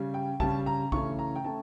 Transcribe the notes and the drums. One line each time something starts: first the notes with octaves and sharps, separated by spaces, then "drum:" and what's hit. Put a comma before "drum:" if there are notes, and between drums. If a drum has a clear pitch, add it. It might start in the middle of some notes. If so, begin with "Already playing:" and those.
Already playing: C#3 G3 C#4
G5
C#3 G3 C#4 A5, drum: kick
A#5
C#3 E3 A3 C#4 C#6, drum: kick
A#5
G5
A3 C#4 A5